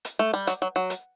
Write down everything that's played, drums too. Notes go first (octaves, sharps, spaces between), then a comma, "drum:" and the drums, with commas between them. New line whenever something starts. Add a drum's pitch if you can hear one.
drum: hi-hat
A3
G3
F#3, drum: hi-hat
F#3
F#3
drum: hi-hat